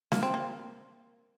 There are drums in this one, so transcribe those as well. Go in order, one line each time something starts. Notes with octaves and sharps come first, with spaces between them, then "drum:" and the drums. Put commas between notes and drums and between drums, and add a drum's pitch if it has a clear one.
A#3, drum: snare
C4
A#3